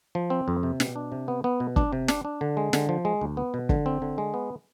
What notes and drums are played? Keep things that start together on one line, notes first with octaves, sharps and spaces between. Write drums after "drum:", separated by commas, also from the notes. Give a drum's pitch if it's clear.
F3
C4
F2
C3
B2, drum: snare
D4
C3
B3
B3
B2
D4, drum: kick
C3
D4, drum: snare
D4
D3
G#3
D3, drum: snare
F3
G#3
D2
B3
B2
D3, drum: kick
C4
D3
G#3
B3